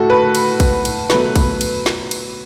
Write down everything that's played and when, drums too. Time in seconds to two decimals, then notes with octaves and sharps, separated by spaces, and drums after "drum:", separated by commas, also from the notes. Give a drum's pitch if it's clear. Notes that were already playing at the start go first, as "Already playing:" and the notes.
Already playing: A2 A3 F#4 A4
0.10 B4
0.35 drum: cymbal
0.60 drum: kick A#1, cymbal
0.85 drum: cymbal
1.10 B2 F#3 A3 B4, drum: snare
1.36 drum: kick A#1, cymbal
1.61 drum: cymbal
1.86 drum: snare
2.11 drum: cymbal